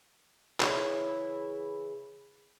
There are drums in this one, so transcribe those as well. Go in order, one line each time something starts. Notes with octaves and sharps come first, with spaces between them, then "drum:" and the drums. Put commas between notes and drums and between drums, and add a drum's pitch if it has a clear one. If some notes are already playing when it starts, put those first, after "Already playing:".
C#3 E3 E4, drum: clap